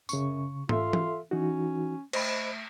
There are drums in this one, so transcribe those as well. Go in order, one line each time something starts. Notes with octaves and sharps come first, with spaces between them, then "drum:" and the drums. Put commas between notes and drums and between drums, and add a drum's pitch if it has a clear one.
F#2 C#3 C#6, drum: tambourine
F4 A4 E5, drum: tom G#2
drum: tom E3
E3 C#4 D#4 F#4
A3 C5 D#5 B5, drum: cymbal